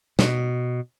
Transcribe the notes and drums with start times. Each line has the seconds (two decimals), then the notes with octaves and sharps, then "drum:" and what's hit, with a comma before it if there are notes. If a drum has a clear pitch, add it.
0.19 B2, drum: snare